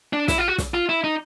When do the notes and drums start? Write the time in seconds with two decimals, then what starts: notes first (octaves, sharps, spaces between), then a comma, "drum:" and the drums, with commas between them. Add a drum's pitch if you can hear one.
0.13 D4
0.28 E4, drum: snare
0.38 F4
0.48 F#4
0.58 drum: snare
0.74 F4
0.89 E4
1.04 D#4